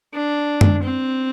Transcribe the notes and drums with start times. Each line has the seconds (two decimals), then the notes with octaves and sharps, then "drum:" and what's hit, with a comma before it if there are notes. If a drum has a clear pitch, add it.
0.14 D4
0.61 drum: tom F#2
0.82 C4